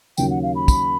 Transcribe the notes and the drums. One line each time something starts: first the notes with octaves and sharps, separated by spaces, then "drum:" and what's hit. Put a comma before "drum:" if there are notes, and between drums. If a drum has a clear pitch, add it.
D#2 C#3 F#3 A#3 C#4 G5, drum: tambourine
F#5
F5
B5
drum: kick, tambourine